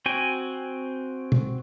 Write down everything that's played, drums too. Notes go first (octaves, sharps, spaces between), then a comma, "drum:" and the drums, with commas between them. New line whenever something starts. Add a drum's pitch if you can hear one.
C4 F#4 G5 G#5
drum: tom B2